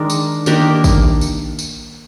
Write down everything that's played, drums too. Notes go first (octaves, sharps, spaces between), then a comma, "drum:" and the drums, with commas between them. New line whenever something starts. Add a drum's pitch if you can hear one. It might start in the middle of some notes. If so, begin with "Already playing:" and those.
Already playing: D#3 G#3 D4 A#4 D5
drum: tambourine
D#3 A#3 D4 G4 A#4, drum: tambourine
drum: kick A1, tambourine
drum: tambourine
drum: tambourine